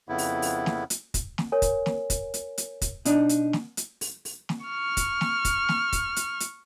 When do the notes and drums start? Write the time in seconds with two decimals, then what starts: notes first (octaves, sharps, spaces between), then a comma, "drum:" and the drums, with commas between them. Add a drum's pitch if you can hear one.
0.09 F2 C#3 B3 E4
0.18 drum: open hi-hat
0.42 drum: open hi-hat
0.66 drum: snare
0.90 drum: hi-hat
1.14 drum: kick, hi-hat
1.38 drum: snare
1.52 A#4 C#5 G#5
1.62 drum: kick, hi-hat
1.86 drum: snare
2.10 drum: kick, hi-hat
2.34 drum: hi-hat
2.58 drum: hi-hat
2.82 drum: kick, hi-hat
3.05 B2 D4 D#4, drum: hi-hat
3.29 drum: hi-hat
3.53 drum: snare
3.77 drum: hi-hat
4.01 drum: open hi-hat
4.25 drum: open hi-hat
4.49 drum: snare
4.66 C#6 F6
4.97 drum: kick, hi-hat
5.21 drum: snare
5.45 drum: kick, hi-hat
5.69 drum: snare
5.93 drum: kick, hi-hat
6.16 drum: hi-hat
6.40 drum: hi-hat